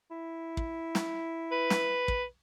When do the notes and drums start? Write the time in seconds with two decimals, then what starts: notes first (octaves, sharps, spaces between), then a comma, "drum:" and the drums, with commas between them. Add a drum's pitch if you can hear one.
0.11 E4
0.57 drum: kick
0.95 drum: snare
1.52 B4
1.70 drum: snare
2.08 drum: kick